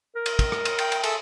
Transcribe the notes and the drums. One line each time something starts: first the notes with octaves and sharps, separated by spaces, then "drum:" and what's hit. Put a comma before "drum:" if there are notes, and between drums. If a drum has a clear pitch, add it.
A#4
drum: cymbal
drum: kick, cymbal
drum: rim click
drum: cymbal
G5, drum: cymbal
drum: cymbal
G#4 A4 E5, drum: cymbal